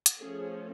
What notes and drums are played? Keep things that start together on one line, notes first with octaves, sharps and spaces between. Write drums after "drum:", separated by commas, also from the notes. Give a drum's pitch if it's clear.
drum: hi-hat
F3 A3 C#4 G#4